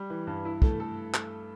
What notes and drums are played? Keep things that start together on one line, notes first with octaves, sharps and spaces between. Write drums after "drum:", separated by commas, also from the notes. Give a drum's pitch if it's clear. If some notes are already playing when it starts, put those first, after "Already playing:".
Already playing: G3
E3
G2
E4
A3, drum: kick
A4
drum: clap